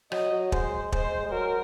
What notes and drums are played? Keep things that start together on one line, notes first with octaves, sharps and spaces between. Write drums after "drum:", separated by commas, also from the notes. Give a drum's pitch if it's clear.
F#3 D#5, drum: rim click
F#3
G#3 C5, drum: kick
G#3 C5, drum: kick
G#3
F#3 A#4